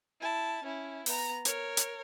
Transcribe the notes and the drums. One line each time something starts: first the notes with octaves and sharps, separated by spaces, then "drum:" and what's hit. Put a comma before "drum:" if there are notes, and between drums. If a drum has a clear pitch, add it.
E4 A5
C#4 E4
B3 A#5, drum: open hi-hat
A#4 C#5, drum: hi-hat
drum: hi-hat